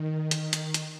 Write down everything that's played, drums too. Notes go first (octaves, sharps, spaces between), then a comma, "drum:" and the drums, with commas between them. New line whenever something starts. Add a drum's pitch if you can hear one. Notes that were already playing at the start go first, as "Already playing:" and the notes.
Already playing: D#3
D#3, drum: hi-hat
drum: hi-hat
drum: hi-hat